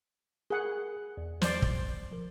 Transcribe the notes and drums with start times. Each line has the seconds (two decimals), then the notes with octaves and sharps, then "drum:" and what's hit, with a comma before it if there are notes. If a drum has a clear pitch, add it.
0.50 G#4 A#4 F#5
1.17 E2
1.42 C5 D5, drum: snare
1.62 drum: kick
2.12 F3 A#4